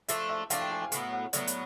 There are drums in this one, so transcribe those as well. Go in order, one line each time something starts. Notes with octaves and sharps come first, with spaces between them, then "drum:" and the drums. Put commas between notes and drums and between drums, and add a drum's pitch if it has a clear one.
F3 A3 D4 E5, drum: hi-hat
E5
F3 A3 D4 F5, drum: hi-hat
G5
G#5
G#5
A2 F#3 B3, drum: hi-hat
F#5
A2 F#3 B3 D5, drum: hi-hat
drum: hi-hat